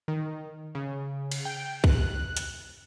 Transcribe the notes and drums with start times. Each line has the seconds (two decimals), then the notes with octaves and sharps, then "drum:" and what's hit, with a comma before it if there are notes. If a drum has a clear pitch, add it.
0.08 D#3
0.75 C#3
1.32 drum: cymbal
1.45 G5
1.84 F#6, drum: kick
2.37 drum: hi-hat